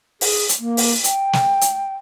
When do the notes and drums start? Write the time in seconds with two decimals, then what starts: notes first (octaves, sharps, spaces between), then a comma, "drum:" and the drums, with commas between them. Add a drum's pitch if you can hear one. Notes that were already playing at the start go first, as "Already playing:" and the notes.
0.21 G#4, drum: open hi-hat
0.49 drum: hi-hat
0.59 A#3
0.77 drum: open hi-hat
1.04 G5, drum: hi-hat
1.33 drum: snare
1.61 drum: hi-hat